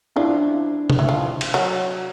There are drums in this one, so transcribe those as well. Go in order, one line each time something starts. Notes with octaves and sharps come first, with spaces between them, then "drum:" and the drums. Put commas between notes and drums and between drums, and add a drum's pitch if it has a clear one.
F3 D4 E4
drum: tom C3
E3
F3
drum: cymbal
F#3